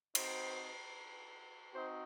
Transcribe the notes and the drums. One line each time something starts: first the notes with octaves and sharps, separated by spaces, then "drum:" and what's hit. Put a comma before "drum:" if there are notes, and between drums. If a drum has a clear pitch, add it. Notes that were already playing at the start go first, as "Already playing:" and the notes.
C4 D#4 F#4 C5, drum: cymbal
C4 D#4 F#4 C5